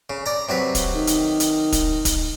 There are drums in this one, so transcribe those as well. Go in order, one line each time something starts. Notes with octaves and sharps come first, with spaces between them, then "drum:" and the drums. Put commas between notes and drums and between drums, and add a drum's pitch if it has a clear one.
C#3
D5 A#5
C3 F#3 B4
drum: kick, hi-hat
D#3
drum: hi-hat
drum: hi-hat
drum: kick, hi-hat
drum: kick, hi-hat